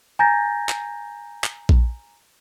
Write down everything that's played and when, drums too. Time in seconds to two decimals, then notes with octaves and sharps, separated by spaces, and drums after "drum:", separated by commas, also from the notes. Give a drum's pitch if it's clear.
0.19 G#5 A#5 G6 A6 A#6
0.69 drum: clap
1.44 drum: clap
1.69 drum: kick A#1